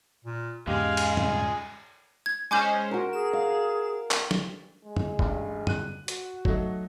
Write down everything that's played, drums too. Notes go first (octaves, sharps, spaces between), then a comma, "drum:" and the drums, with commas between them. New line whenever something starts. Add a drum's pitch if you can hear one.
A#2
E2 G#2 C#3 G#3 G4 F5
drum: cymbal
A#2, drum: tom F#2
G#6
G#3 C#4 C5 G#5 D6 G6
F#4 A#4
G#4 E7
F5
drum: clap
drum: snare
G#3
drum: tom F#2
A1 G2, drum: kick G1
F#6 D#7, drum: tom F#2
F#4, drum: hi-hat
F#3 A3 D#4, drum: kick G1